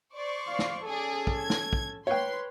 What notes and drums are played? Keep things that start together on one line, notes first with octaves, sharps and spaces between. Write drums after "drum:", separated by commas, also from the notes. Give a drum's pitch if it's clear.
C5 D5 C#6
F5
drum: snare
C#4 G#4 A4 D5
drum: kick
G#6
drum: snare
drum: kick
B4 C#5 G5 C6